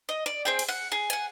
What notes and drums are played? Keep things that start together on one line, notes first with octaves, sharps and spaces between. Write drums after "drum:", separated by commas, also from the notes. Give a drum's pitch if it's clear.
D#5
D5
C4 G#4 G5
drum: cymbal
F#5
G#4
F#5 G#5, drum: hi-hat